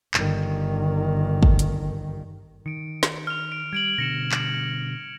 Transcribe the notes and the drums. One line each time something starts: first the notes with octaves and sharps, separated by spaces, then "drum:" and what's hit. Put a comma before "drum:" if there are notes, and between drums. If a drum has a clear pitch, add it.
G1 D#3, drum: clap
drum: kick
drum: hi-hat
D#3 C#7 D7
drum: snare
F6 F7
D7
G3 G#6 D7 F#7
B2 D3 G3 A#6 C#7 E7
drum: clap